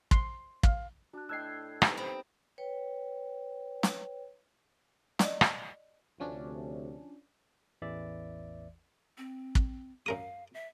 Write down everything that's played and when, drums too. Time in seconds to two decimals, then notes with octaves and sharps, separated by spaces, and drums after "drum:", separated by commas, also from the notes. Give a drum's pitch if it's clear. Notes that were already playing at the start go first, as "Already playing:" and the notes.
0.11 C6, drum: kick
0.63 F5, drum: kick
1.13 D4 F#4 A5 F#6
1.29 A2 D#5 G5 A5 E6 F#6 G#6 C7
1.82 G#2 G3 B3 D#4, drum: rim click
1.97 C4 B5
2.58 B4 C#5 G5
3.83 drum: snare
5.19 D5 D#5, drum: snare
5.41 drum: rim click
6.20 D2 C3 F3 C#4 D4
7.82 A1 E2 E3 D5 E5
9.18 C4
9.55 drum: kick
10.06 F#2 A#4 F5 D#6
10.54 E5